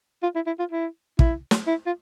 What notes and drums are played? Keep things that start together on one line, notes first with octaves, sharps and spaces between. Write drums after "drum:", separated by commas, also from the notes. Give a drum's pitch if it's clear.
F4
E4
E4
F4
E4
E4, drum: kick
drum: snare
E4
F4